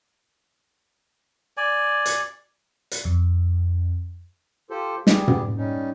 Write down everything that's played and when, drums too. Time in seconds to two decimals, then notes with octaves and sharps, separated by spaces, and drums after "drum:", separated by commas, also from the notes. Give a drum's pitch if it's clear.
1.57 D5 G#5
2.06 drum: hi-hat
2.91 drum: hi-hat
3.05 F2
4.70 F4 G4 A4 C5
5.07 G3 G4 G#4, drum: snare
5.28 drum: tom
5.57 G3 C#4 D#4